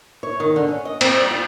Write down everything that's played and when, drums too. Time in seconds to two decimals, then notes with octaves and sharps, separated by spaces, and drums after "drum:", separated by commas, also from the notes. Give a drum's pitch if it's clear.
0.23 C#5
0.40 D#3
0.56 D3
0.68 C#4
0.85 D#5
1.01 C4, drum: cymbal
1.17 G3
1.31 F4